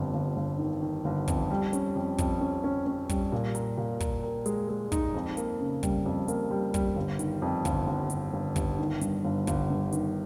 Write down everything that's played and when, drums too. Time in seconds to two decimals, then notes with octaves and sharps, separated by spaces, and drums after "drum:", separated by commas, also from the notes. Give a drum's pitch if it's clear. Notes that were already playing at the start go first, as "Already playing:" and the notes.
Already playing: G1 F2
0.14 G1
0.37 G1
0.58 D#3
0.82 D#3
1.05 G1
1.28 F2, drum: kick, hi-hat
1.50 G3
1.73 C#4, drum: hi-hat
1.96 F2
2.18 F2, drum: kick, hi-hat
2.41 C#4
2.64 C#4
2.87 C#4
3.09 G3, drum: kick, hi-hat
3.32 A#2
3.55 A#4, drum: hi-hat
3.77 A#2
4.00 A#4, drum: kick, hi-hat
4.23 A#4
4.46 G#3, drum: hi-hat
4.69 G#3
4.92 D#4, drum: kick, hi-hat
5.14 F2
5.37 A#3, drum: hi-hat
5.60 C#3
5.83 G3, drum: kick, hi-hat
6.06 F2
6.28 A#3, drum: hi-hat
6.51 G3
6.74 G3, drum: kick, hi-hat
6.96 G1
7.19 D#3, drum: hi-hat
7.42 F2
7.65 G1, drum: kick, hi-hat
7.87 G1
8.10 G1, drum: hi-hat
8.33 G1
8.56 G1, drum: kick, hi-hat
8.79 D#3
9.01 G2, drum: hi-hat
9.24 G1
9.47 G1, drum: kick, hi-hat
9.70 G2
9.92 D#3, drum: hi-hat